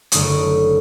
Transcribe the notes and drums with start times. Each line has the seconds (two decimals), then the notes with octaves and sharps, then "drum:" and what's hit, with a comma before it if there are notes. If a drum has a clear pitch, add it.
0.12 F#1 D3 A3 C#6 D#6 D7, drum: hi-hat